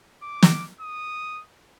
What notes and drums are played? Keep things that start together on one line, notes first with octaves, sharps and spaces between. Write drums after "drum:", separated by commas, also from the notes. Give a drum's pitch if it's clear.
D6
drum: snare
D#6